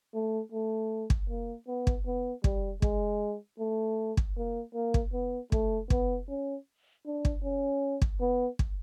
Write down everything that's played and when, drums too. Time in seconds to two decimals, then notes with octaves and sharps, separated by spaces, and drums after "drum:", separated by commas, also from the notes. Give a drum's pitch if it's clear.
0.14 A3
0.52 A3
1.10 drum: kick
1.29 A#3
1.67 B3
1.87 drum: kick
2.06 B3
2.44 G3, drum: kick
2.82 G#3, drum: kick
3.59 A3
4.17 drum: kick
4.37 A#3
4.74 A#3
4.94 drum: kick
5.13 B3
5.52 A3, drum: kick
5.90 B3, drum: kick
6.29 C#4
7.06 D4
7.25 drum: kick
7.44 C#4
8.02 drum: kick
8.21 B3
8.59 drum: kick